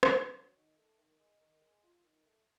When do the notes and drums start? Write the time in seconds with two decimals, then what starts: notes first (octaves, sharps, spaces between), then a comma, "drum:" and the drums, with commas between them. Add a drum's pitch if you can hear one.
0.03 drum: rim click
0.13 D#3
0.34 F#3
0.56 D#3
0.77 A3
0.98 D#3
1.19 G#3
1.40 D#3
1.61 G#3
1.82 F4
2.04 D#3
2.25 A3